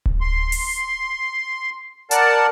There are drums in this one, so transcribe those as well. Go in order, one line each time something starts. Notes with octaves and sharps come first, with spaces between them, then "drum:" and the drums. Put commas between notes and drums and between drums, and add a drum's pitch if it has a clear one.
drum: kick D1
C6
drum: open hi-hat
A#4 D5 F#5 A5, drum: hi-hat